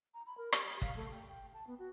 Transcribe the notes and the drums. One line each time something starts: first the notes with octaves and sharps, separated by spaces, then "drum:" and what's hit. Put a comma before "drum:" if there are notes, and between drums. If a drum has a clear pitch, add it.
A#5
B5
A#4
G4, drum: rim click
G4
F5, drum: kick
A3
G5
G5
A5
B3
F#4